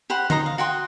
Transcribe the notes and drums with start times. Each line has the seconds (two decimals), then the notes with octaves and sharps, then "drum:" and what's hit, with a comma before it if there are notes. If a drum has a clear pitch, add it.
0.10 G4 C5 F#5 B5
0.30 D#4 C5 A#5 D#6, drum: tom D3
0.46 F5
0.58 F#4 G5 C6 D#6